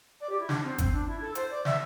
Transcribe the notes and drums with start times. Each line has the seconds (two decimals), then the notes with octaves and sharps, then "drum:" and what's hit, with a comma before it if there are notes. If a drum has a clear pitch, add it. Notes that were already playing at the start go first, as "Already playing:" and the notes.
0.20 D5
0.29 G4
0.39 E4
0.49 D4, drum: snare
0.64 C4
0.78 C4, drum: kick, hi-hat
0.93 D4
1.07 E4
1.21 A4
1.35 C5, drum: hi-hat
1.50 D5
1.65 E5, drum: snare